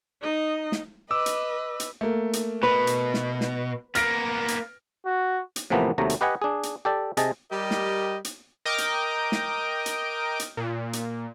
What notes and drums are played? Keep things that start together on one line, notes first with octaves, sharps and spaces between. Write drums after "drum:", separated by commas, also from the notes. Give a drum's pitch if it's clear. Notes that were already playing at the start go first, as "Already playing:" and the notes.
D#4 D#5
drum: snare
B4 D#5 D6 E6
drum: hi-hat
drum: hi-hat
A3 A#3
drum: hi-hat
B2 B4
drum: hi-hat
drum: snare
drum: snare
A#3 B3 F6 A#6 D7, drum: hi-hat
drum: hi-hat
F#4
drum: hi-hat
A2 C3 E3 F3 A#3 B3
D#2 C3 F#3 A3 A#5
drum: hi-hat
G4 B4 D#5 F#5 G#5
D4 G#4
drum: hi-hat
G4 A4 D5
C3 G#4 D#5 A5, drum: hi-hat
G3 G4 A#4 D#5
drum: snare
drum: hi-hat
A#4 D#5 G5 D6
drum: hi-hat
drum: snare
drum: hi-hat
drum: hi-hat
A#2
drum: hi-hat